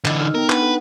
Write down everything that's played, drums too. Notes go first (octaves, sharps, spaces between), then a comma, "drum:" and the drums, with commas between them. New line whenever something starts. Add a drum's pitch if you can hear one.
D3 E3 D#5 E6, drum: clap
D#4 A4 F6
B3 D#4 A#4 G5
D4 B4 F#5, drum: clap
A4